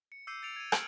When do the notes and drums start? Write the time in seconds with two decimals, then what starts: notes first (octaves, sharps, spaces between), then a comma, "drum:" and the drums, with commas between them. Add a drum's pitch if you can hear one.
0.12 C#7
0.27 D6 E6 G6 C7 D#7
0.43 A6 C#7 D7 F7
0.56 G#6 D#7
0.72 E6 F6 G6 C#7 D7 F#7, drum: rim click